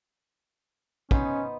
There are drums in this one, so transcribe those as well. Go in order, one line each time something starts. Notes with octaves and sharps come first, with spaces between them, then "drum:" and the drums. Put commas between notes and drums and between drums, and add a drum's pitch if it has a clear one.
B3 C#4 D#4 C5, drum: kick